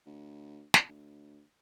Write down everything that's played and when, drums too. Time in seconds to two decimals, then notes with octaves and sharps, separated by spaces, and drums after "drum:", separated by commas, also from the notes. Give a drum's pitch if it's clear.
0.06 D2
0.74 drum: snare
0.88 D2